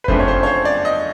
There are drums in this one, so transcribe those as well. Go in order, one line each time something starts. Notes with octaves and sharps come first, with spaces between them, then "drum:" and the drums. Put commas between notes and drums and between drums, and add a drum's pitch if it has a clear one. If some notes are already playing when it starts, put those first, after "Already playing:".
B4
F2 C#3 F3 A3 D4 C5, drum: kick F#1
C#5
C5
C#5
C5
D5
D#5